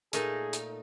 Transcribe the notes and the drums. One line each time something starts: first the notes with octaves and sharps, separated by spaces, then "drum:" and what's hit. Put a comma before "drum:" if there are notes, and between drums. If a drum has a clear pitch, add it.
A#2 A3 D#4 G#4, drum: hi-hat
drum: hi-hat